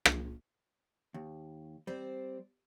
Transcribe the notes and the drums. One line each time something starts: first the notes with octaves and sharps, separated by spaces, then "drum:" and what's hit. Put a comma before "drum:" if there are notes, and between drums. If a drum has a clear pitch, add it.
drum: rim click
D#2
G3 C4 C5 D5